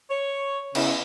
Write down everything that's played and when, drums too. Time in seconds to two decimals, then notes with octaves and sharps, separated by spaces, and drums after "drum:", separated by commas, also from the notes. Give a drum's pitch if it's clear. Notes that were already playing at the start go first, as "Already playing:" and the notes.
0.10 C#5
0.75 C#3 B3 E4, drum: cymbal